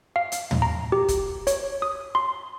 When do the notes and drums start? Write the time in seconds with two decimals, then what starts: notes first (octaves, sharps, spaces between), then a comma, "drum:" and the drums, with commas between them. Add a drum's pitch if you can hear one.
0.16 F5
0.32 drum: hi-hat
0.51 drum: tom
0.62 A#5
0.92 G4
1.08 drum: kick, hi-hat
1.47 C#5, drum: hi-hat
1.82 D#6
2.15 C6